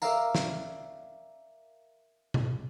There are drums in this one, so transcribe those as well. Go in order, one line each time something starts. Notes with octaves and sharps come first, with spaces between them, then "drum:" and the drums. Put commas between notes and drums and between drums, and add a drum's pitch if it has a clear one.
A#4 D5 E5 F5 A#5, drum: tambourine
drum: snare
drum: tom B2